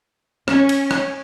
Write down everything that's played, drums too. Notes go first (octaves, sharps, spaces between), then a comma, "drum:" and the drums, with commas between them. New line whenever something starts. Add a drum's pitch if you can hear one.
C#4, drum: rim click
drum: cymbal
drum: rim click